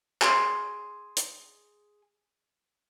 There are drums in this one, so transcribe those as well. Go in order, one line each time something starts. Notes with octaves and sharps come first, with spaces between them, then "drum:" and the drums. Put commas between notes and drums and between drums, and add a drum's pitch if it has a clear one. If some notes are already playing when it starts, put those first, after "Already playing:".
G#4 C6, drum: clap
drum: hi-hat